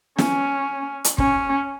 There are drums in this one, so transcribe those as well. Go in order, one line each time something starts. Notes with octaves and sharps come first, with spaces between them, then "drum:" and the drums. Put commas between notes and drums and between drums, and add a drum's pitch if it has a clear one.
C#4, drum: snare
drum: hi-hat
C#4, drum: kick